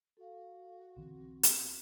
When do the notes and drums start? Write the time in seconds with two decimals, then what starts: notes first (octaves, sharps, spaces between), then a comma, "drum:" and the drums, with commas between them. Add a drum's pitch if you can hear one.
0.17 F#4 A4 F5
0.96 B1 D3 E3 C4
1.43 drum: hi-hat